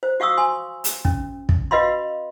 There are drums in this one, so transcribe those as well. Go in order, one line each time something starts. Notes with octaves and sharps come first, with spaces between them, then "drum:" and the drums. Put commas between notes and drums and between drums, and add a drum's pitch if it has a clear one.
C5
F#4 F5 C#6 D#6 E6
G#5 C6
drum: hi-hat
C#4, drum: kick
drum: kick
F#4 B4 D#5 F5 B5 C6